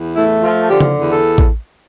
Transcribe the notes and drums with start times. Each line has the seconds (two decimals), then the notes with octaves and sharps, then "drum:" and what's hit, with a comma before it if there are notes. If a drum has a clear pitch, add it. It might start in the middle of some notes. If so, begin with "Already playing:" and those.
Already playing: E2
0.16 A3 E4
0.43 F3 F4
0.70 D3 G4
0.80 drum: tom C#3
0.97 E2
1.10 A4
1.38 drum: kick A1